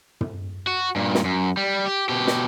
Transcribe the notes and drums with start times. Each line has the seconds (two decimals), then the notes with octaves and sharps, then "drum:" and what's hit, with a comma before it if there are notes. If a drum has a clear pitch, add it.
0.21 drum: tom
0.67 F#4
0.96 G2 A#2
1.15 drum: snare
1.25 F#2
1.57 G3
1.86 G4
2.09 B2 G4
2.27 drum: snare